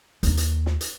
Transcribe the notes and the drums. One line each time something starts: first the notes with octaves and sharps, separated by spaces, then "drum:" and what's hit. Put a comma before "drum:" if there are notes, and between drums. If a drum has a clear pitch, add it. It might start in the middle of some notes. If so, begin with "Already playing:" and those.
D#2 D#4, drum: hi-hat
drum: hi-hat
drum: snare
drum: hi-hat